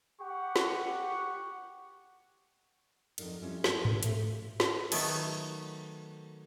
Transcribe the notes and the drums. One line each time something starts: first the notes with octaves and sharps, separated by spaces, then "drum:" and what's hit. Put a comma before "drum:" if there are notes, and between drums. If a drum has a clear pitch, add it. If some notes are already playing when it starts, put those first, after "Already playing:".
G4 F#5 C#6
drum: snare
F2 F#3 D#4 A#4 D5, drum: cymbal
F2 G3 C#4 E4 F4 C#5
E2 A3 B3 E4 G#5, drum: snare
A#3 D4 G4 A#4 B4, drum: tom G#2
C#3 A3 A4 C5, drum: hi-hat
drum: snare
D#3 F#3 A3 B3, drum: cymbal